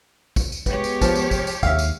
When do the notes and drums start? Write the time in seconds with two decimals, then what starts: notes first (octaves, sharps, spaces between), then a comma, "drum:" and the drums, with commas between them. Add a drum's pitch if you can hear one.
0.36 drum: kick A1, tambourine
0.52 drum: tambourine
0.66 G#3 B3 G4 C#5, drum: kick A1, tambourine
0.84 drum: tambourine
1.01 F3, drum: kick A1, tambourine
1.15 drum: tambourine
1.31 drum: kick A1, tambourine
1.47 drum: tambourine
1.63 D#2 E5 F5, drum: kick A1, tambourine
1.79 drum: tambourine